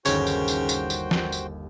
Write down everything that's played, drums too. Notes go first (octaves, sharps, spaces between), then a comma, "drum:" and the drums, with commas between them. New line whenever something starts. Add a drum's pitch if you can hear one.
G1 D#2 C#3 F#4 C5 C#5 G5 A#6, drum: tambourine
drum: tambourine
drum: tambourine
drum: tambourine
drum: tambourine
drum: snare
drum: tambourine